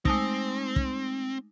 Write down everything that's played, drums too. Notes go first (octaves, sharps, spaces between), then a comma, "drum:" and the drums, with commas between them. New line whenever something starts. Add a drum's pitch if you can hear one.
G#3 A3 C4 D#4, drum: kick
drum: kick